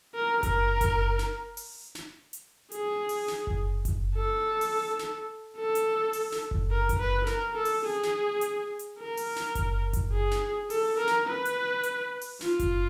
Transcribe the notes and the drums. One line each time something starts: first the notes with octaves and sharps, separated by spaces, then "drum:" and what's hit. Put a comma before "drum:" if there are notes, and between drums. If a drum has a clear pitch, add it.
A#4
A#4, drum: kick F#1, hi-hat
drum: kick F#1, hi-hat
drum: snare
drum: open hi-hat
drum: snare
drum: hi-hat
G#4, drum: hi-hat
drum: open hi-hat
drum: snare
drum: kick F#1
drum: kick F#1, hi-hat
A4
drum: open hi-hat
drum: snare
A4
drum: hi-hat
drum: open hi-hat
drum: snare
drum: kick F#1
A#4
drum: kick F#1, hi-hat
B4
A#4, drum: snare
A4
drum: open hi-hat
G#4
drum: snare
drum: hi-hat
drum: hi-hat
A#4
drum: open hi-hat
drum: snare
drum: kick F#1, hi-hat
drum: kick F#1, hi-hat
G#4
drum: snare
A4, drum: open hi-hat
A#4
drum: snare
B4
drum: hi-hat
drum: hi-hat
drum: open hi-hat
F4, drum: snare
drum: kick F#1, hi-hat